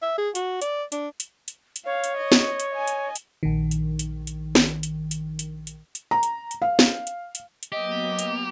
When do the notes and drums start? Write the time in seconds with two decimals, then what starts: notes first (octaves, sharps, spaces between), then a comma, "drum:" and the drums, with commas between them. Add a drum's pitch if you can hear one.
0.02 E5
0.18 G#4
0.35 F#4, drum: hi-hat
0.62 D5, drum: hi-hat
0.92 D4, drum: hi-hat
1.20 drum: hi-hat
1.48 drum: hi-hat
1.76 drum: hi-hat
1.86 C#5 F5
2.04 drum: hi-hat
2.17 D#5
2.32 drum: snare
2.60 drum: hi-hat
2.71 D#5 G#5
2.88 drum: hi-hat
3.15 drum: hi-hat
3.43 A#1 D#3
3.71 drum: hi-hat
3.99 drum: hi-hat
4.27 drum: hi-hat
4.55 drum: snare
4.83 drum: hi-hat
5.11 drum: hi-hat
5.39 drum: hi-hat
5.67 drum: hi-hat
5.95 drum: hi-hat
6.11 A#5
6.23 drum: hi-hat
6.51 drum: hi-hat
6.62 F5
6.79 drum: snare
7.07 drum: hi-hat
7.35 drum: hi-hat
7.63 drum: hi-hat
7.72 F#3 A#3 B3 G4 D#5
8.19 drum: hi-hat